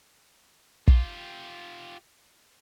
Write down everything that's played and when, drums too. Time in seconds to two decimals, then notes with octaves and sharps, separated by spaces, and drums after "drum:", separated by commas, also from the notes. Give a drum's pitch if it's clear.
0.88 F4 G4, drum: kick